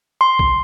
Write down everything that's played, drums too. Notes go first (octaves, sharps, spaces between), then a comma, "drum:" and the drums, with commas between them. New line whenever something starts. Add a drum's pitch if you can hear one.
C6
drum: kick B1